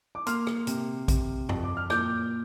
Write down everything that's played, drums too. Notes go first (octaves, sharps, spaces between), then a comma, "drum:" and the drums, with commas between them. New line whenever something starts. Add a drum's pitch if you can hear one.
D6
A#3 C6 F6, drum: hi-hat
drum: rim click
C3, drum: hi-hat
C3, drum: kick A#1, hi-hat
F2, drum: tom E2
D6
F6
A#2 D6 G6, drum: rim click